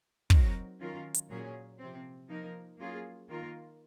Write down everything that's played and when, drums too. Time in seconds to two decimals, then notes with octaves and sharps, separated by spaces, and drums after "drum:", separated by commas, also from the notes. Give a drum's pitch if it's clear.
0.30 F#3 C4 D#4 F#4 A#4, drum: kick
0.80 D#3 F#3 C#4 F4 A#4
1.14 drum: hi-hat
1.30 A#2 F#3 C#4 G#4
1.79 C3 F3 C4
2.29 F3 A#3 D#4 A#4
2.78 F#3 A#3 C#4 F4 G#4
3.28 D#3 A#3 F4 A#4